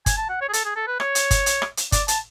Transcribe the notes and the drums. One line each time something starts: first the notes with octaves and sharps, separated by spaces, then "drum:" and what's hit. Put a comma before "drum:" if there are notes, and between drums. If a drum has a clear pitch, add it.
G#5, drum: kick G1, hi-hat
A5
F#5
C#5
G#4
A4, drum: hi-hat
G#4
A4
B4
C#5, drum: rim click
drum: hi-hat
drum: kick G1, hi-hat
drum: hi-hat
drum: rim click
drum: hi-hat
D5, drum: kick G1, hi-hat
A5, drum: hi-hat